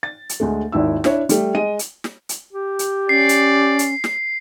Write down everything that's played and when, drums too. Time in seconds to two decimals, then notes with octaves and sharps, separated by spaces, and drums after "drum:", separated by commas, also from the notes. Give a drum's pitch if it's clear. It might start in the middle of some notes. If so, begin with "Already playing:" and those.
0.03 A6
0.29 drum: hi-hat
0.40 D2 G#3 A3
0.72 G#1 D#2 E4 E6
1.04 D4 E4 C#5 E5, drum: snare
1.29 G3 A3, drum: hi-hat
1.54 G#3 D#5 D#7
1.79 drum: hi-hat
2.04 drum: snare
2.29 drum: hi-hat
2.53 G4
2.79 drum: hi-hat
3.09 C#4 D5 C7
3.29 drum: hi-hat
3.79 drum: hi-hat
4.04 drum: snare